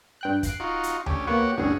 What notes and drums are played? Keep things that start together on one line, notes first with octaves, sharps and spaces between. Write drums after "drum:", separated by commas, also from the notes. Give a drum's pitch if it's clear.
G2 G5 F#6
F#6 C7 D7, drum: kick, hi-hat
D#4 F4 F#4
drum: hi-hat
D2 C#4 G4, drum: tom D2
A#3 B3 F#4 G4 C#5 F#5
A1 D2 G2 C#4 F#4 G#4